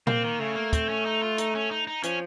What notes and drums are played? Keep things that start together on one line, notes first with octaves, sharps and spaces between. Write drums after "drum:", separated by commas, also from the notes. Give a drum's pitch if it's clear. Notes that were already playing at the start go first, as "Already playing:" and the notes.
A#3 C4, drum: tom
D#3
C#3 A3
A#3
C4, drum: kick, hi-hat
C#4
D#4
F4
D#4, drum: hi-hat
C#4
D#4
D#4
F3 C#4, drum: hi-hat